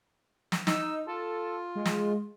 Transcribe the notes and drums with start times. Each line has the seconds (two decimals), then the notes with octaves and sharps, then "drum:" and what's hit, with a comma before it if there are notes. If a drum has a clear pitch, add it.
0.52 drum: snare
0.67 D#4 E6, drum: snare
1.07 F4 A4
1.75 G#3
1.85 drum: snare